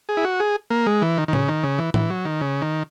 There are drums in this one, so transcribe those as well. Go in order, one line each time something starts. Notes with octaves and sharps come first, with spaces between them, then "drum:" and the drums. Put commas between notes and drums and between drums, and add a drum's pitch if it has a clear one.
G#4
E4
F#4
G#4
A#3
G#3
E3
D#3
D#3
C#3, drum: tom A2
D#3
C#3
E3
E3, drum: tom A2
F#3
D#3
C#3
D#3